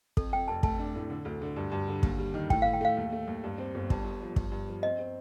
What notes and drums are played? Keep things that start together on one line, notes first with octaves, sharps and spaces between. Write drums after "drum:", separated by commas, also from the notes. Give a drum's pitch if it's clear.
F2 A4, drum: kick
F2 G5
F1 A5
A3 A5, drum: kick
D4
A2
D3
D2
D3
G2
G2
D3
D#2, drum: kick
G3
D#3
A2 G5, drum: kick
A2 F5
G5
A3 F5
D#2
A3
D#2
G2
C4
G1
G2, drum: kick
G2
F3
G2, drum: kick
G2
F3
C4 D#5
C4